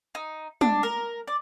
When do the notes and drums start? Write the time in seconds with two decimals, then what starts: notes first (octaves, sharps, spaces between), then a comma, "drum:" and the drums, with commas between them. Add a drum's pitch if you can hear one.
0.15 D#4
0.61 D4, drum: tom
0.83 A#4
1.27 D5